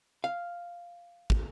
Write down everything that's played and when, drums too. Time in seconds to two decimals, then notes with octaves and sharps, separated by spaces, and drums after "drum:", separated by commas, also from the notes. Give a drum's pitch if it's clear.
0.24 F5
1.30 drum: kick